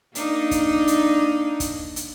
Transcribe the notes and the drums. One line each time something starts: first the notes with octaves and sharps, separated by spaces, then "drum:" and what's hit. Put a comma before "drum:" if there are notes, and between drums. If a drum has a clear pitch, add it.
A#3 D4 D#4, drum: hi-hat
drum: kick, hi-hat
drum: hi-hat
drum: kick, hi-hat
drum: hi-hat